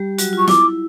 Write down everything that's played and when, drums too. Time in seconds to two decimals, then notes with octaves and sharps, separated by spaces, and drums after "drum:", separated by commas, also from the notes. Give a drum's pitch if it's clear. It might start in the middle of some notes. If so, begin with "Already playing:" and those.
Already playing: G3 G4
0.18 F#3 F#4, drum: hi-hat
0.33 F4
0.38 C#6
0.47 E4 D6, drum: snare